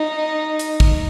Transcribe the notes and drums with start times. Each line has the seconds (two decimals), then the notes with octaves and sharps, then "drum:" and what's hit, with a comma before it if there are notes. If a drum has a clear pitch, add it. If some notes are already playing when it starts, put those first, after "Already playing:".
Already playing: D#4
0.59 drum: hi-hat
0.80 drum: kick